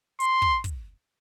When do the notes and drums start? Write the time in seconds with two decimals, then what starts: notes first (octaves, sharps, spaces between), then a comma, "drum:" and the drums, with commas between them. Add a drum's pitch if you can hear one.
0.20 C6, drum: hi-hat
0.42 drum: kick
0.64 drum: kick, hi-hat